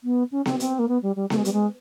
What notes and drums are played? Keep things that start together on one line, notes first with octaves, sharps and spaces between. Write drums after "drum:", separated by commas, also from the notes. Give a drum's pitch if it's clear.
B3
C#4
C4, drum: snare B3
C4, drum: hi-hat
A#3
B3
G3
G3
A3, drum: snare B3
G#3
G3, drum: hi-hat
G#3